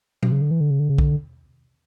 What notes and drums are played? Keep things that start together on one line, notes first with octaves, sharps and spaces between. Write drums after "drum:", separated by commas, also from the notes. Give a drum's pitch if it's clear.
B2, drum: tom F#3
C#3
D3
E3
D3
C#3
D3
C#3
D3, drum: kick B1